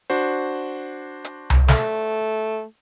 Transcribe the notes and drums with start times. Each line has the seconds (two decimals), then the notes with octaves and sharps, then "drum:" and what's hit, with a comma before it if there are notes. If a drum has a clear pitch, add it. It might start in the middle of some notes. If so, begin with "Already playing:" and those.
0.10 D4 F#4 C5
1.25 drum: hi-hat
1.50 drum: tom C2
1.68 A3, drum: snare